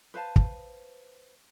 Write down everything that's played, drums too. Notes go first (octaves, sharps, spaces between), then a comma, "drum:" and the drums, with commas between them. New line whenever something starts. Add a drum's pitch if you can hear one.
B4 C5 F5 A5
drum: kick